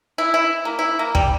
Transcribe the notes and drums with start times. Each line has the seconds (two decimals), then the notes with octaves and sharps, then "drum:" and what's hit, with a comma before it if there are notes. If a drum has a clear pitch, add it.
0.18 E4
0.34 E4
0.65 A#3
0.79 E4
0.99 A#3
1.15 G3, drum: kick